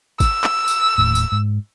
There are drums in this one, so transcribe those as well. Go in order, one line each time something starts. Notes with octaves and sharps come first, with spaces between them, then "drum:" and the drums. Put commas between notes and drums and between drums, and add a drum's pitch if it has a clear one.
E6, drum: kick, tambourine
drum: clap
drum: tambourine
D#1 A2
drum: tambourine
G#2